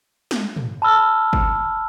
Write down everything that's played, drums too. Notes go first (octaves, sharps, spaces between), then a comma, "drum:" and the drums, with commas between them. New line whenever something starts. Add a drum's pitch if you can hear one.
drum: snare
drum: tom
A5 B5 E6 F6
drum: kick